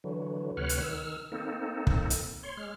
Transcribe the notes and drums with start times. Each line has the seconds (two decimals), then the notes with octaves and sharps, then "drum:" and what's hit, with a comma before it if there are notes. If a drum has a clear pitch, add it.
0.04 D3 E3 F#3
0.57 D2 C3 B4 C#5 F#5 F6
0.69 drum: hi-hat
0.81 D#3 E6 F6
1.32 A#3 C4 D#4 A4
1.87 drum: kick
2.10 drum: hi-hat
2.43 C#5 C6
2.57 G#3 F6